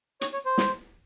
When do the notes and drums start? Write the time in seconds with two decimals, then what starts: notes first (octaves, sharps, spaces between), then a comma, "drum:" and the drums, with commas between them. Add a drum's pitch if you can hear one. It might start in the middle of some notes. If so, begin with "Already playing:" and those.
0.21 C#5, drum: hi-hat
0.33 C#5
0.46 C5
0.58 drum: snare